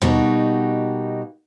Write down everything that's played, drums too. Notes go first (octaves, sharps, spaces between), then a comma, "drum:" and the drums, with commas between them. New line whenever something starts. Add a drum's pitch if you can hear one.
B2 G3 A#3 D#4 F#4 G4, drum: tom D#2